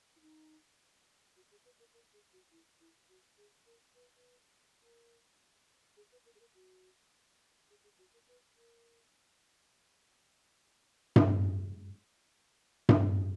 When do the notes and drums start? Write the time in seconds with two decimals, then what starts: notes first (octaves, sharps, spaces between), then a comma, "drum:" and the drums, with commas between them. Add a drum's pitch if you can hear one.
0.16 E4
0.21 D#4
1.36 F#4
1.51 G#4
1.65 B4
1.80 A#4
1.94 A#4
2.13 G#4
2.33 F#4
2.51 E4
2.80 E4
3.09 F#4
3.38 G#4
3.66 A#4
3.95 B4
4.15 B4
4.82 A#4
5.97 G#4
6.12 B4
6.26 A#4
6.35 G#4
6.40 A#4
6.55 F#4
7.70 G#4
7.84 G#4
7.99 F#4
8.14 A#4
8.28 B4
8.56 A#4
11.16 drum: tom G2
12.89 drum: tom G2